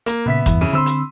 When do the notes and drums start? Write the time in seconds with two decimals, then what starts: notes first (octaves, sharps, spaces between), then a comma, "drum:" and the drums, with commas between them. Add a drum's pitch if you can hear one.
0.06 A#3, drum: hi-hat
0.26 A#2 C#3 B3 E5 B6
0.46 E2 G2 E3, drum: kick, hi-hat
0.61 C#3 E4 D#7
0.73 D3 C4 B5 C6 E6
0.86 drum: hi-hat